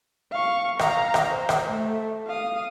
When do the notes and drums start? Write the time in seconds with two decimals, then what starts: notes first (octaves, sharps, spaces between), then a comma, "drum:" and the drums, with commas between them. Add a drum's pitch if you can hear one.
0.32 F5 C#6
0.79 F5 A#5, drum: rim click
1.14 drum: rim click
1.31 C5
1.49 drum: rim click
1.69 A3
2.27 F5 D#6